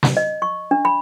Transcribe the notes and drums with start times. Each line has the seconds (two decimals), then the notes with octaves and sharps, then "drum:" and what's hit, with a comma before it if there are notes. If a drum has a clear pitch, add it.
0.03 drum: snare
0.17 D#5
0.42 C#6
0.71 D4
0.85 B5